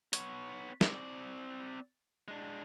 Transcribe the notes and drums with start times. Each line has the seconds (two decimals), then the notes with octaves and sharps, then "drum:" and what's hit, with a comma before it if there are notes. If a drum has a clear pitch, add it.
0.13 B3 C#5, drum: hi-hat
0.81 C4 D5, drum: snare
2.28 G#3 D4